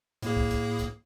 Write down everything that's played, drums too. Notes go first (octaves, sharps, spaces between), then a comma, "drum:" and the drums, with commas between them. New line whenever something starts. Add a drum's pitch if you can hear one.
A2 A#3 G#4, drum: hi-hat
drum: kick
drum: kick, hi-hat
drum: kick, hi-hat